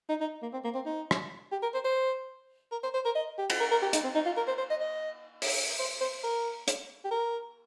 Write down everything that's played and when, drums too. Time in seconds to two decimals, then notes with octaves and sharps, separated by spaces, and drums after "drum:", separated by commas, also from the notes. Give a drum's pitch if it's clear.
0.09 D#4
0.21 D#4
0.42 A#3
0.53 C4
0.64 A#3
0.75 C4
0.86 D#4
1.11 drum: rim click
1.52 G4
1.63 A#4
1.74 C5
1.85 C5
2.72 A#4
2.84 C5
2.94 C5
3.05 A#4
3.16 D#5
3.39 G4
3.50 drum: cymbal
3.60 A#4
3.72 A#4
3.82 G4
3.93 D#4, drum: hi-hat
4.04 C4
4.15 D#4
4.26 F4
4.37 A#4
4.48 C5
4.58 C5
4.70 D#5
4.81 D#5
5.42 drum: open hi-hat
5.79 C5
6.01 C5
6.24 A#4
6.68 drum: hi-hat
7.05 G4
7.11 A#4